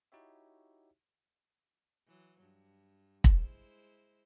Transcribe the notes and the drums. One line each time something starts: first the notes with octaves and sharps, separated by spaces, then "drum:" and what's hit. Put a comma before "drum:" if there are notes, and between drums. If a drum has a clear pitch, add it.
D#4 E4 F#4 G4 C#5 E5
E3 F#3
G2
G#3 E4 C5, drum: kick